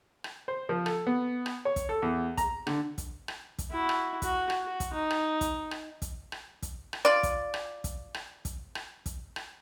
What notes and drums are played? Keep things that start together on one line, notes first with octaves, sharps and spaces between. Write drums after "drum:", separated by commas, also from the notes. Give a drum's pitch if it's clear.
drum: rim click
C5
F3
A4, drum: rim click
B3
drum: rim click
C#5
drum: kick, hi-hat
A4
E2
A#5, drum: kick, hi-hat
D3, drum: rim click
drum: kick, hi-hat
drum: rim click
drum: kick, hi-hat
E4 F#4
drum: rim click
F#4, drum: kick, hi-hat
drum: rim click
F#4
drum: kick, hi-hat
D#4
drum: rim click
drum: kick, hi-hat
drum: rim click
drum: kick, hi-hat
drum: rim click
drum: kick, hi-hat
drum: rim click
F4 D5
drum: kick, hi-hat
drum: rim click
drum: kick, hi-hat
drum: rim click
drum: kick, hi-hat
drum: rim click
drum: kick, hi-hat
drum: rim click